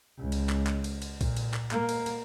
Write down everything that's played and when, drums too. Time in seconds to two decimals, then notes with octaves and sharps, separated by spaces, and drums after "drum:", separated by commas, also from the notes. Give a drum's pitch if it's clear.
0.18 C#2
0.32 drum: cymbal
0.49 drum: clap
0.67 drum: clap
0.84 drum: cymbal
1.02 drum: cymbal
1.21 A#2, drum: kick B1, cymbal
1.37 drum: cymbal
1.54 drum: clap
1.71 A#3, drum: clap
1.89 drum: cymbal
2.06 drum: cymbal